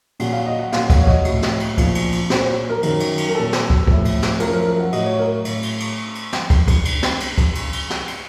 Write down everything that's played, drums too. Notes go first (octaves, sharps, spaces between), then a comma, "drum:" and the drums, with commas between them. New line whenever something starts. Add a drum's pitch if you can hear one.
A#2 F#3 F#5, drum: cymbal
F5
D#5
F#5
A#2 F#3 F5, drum: snare
F#5, drum: kick, cymbal
C#5
D#5, drum: kick
A2 F#3, drum: cymbal
drum: snare
drum: cymbal
A#2 F3, drum: kick, cymbal
drum: cymbal
drum: cymbal
A#2 F#3 C5, drum: snare
C5
A#4
F#2 D#3 F#3, drum: cymbal
drum: cymbal
drum: cymbal
A#4
A#2 F#3 A4
drum: snare
drum: kick
A2 F3, drum: kick
drum: cymbal
drum: snare
F#2 F3 A#4, drum: cymbal
A#4
A#4
F#5
A2 F#3 D#5, drum: cymbal
C#5
A#4
A2, drum: cymbal
drum: cymbal
drum: cymbal
drum: cymbal
drum: cymbal
drum: snare
drum: kick, cymbal
drum: kick, cymbal
drum: cymbal
drum: snare
drum: cymbal
drum: kick, cymbal
drum: cymbal
drum: cymbal
drum: snare
drum: cymbal